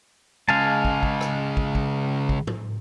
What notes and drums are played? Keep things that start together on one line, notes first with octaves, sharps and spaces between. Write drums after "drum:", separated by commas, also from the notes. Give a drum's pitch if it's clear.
C#3 G#3 F5 G#5 A5
drum: kick
drum: kick
drum: rim click
drum: kick
drum: kick
drum: kick
drum: tom G#2